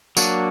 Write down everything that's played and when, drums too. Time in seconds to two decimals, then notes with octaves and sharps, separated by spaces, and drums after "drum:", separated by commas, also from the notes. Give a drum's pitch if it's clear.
0.17 F#3 A#3 D4 F#4, drum: tambourine